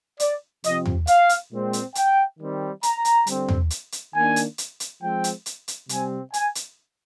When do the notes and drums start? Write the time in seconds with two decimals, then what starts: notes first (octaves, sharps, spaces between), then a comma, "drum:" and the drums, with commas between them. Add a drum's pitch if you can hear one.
0.20 D5, drum: hi-hat
0.64 C3 F3 C4 D#5, drum: hi-hat
0.86 drum: tom
1.07 F5, drum: hi-hat
1.29 drum: hi-hat
1.51 A#2 G#3 C4
1.73 drum: hi-hat
1.95 G5, drum: hi-hat
2.39 D#3 G3 C4
2.83 A#5, drum: hi-hat
3.05 drum: hi-hat
3.27 D3 G3 C4, drum: hi-hat
3.49 drum: tom
3.70 drum: hi-hat
3.92 drum: hi-hat
4.14 D#3 A#3 D4 G#5
4.36 drum: hi-hat
4.58 drum: hi-hat
4.80 drum: hi-hat
5.01 F3 G#3 C4 G5
5.24 drum: hi-hat
5.46 drum: hi-hat
5.68 drum: hi-hat
5.89 C3 G3 C4 G#5, drum: hi-hat
6.34 G#5, drum: hi-hat
6.55 drum: hi-hat